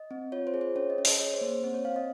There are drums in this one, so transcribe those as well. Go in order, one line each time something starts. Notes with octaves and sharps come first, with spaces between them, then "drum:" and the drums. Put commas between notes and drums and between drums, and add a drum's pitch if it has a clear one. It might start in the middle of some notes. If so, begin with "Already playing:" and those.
Already playing: D#5
C4
F4 C#5
C5
G#4
C5
C#4 C#5
D#5
C#4
D#5, drum: open hi-hat
G#4 C#5
C5
A#3
C5
C4 C5
C#5
C4 F5
D#5